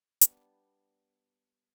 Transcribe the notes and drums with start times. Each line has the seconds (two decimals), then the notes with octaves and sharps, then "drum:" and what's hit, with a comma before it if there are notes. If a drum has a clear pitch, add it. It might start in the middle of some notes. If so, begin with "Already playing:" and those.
0.21 G3 B3 D4, drum: hi-hat